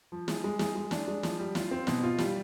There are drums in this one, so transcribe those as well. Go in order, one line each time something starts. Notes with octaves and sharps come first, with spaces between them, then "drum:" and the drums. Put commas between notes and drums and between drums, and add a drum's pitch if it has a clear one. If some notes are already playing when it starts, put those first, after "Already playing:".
F3
G#3, drum: snare
G#3
G#3, drum: snare
G#3
D4, drum: snare
G#3
F3, drum: snare
G3
F4, drum: snare
C4
B2, drum: snare
F4
G3, drum: snare